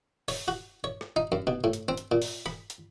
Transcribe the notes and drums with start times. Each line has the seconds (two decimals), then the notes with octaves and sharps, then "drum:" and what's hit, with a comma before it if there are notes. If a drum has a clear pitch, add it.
0.28 C#5, drum: open hi-hat
0.48 F#4
0.84 C#5
1.01 drum: rim click
1.16 D#4
1.32 F#2
1.47 B2, drum: tom C3
1.64 A2
1.73 drum: hi-hat
1.88 C4
1.97 drum: hi-hat
2.12 A#2
2.22 drum: open hi-hat
2.46 B5, drum: rim click
2.70 drum: hi-hat